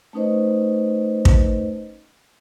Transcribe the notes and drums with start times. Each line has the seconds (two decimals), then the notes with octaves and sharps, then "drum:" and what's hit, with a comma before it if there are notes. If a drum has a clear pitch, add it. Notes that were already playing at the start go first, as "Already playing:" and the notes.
0.13 A3 C#4 D#4 B4 C5 D#5
1.25 drum: kick